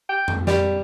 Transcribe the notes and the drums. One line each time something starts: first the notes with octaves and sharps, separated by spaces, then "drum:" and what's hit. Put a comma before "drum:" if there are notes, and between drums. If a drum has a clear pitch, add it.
G5
drum: tom F2
G3, drum: snare